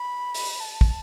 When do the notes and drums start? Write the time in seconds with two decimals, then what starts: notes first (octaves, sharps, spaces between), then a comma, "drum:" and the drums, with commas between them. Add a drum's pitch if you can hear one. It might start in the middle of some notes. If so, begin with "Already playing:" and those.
Already playing: B5
0.34 drum: open hi-hat
0.60 A5
0.81 drum: kick